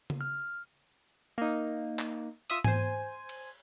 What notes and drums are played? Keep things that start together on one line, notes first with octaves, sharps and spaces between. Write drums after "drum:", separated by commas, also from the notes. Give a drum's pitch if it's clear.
drum: tom C#3
F6
A#3 D#4
drum: clap
F4 E5 D#6, drum: hi-hat
C5 G#5, drum: tom G#2
drum: cymbal